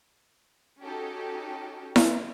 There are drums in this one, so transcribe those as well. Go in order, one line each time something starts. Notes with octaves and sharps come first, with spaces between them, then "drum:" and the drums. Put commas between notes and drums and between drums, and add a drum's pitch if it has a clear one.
C#4 D#4 F#4 G4 A4
drum: snare E4